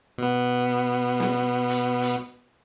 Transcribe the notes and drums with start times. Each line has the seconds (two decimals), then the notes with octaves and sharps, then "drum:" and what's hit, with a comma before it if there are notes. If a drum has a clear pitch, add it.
0.18 B2 B3
1.20 drum: snare
1.69 drum: hi-hat
2.02 drum: hi-hat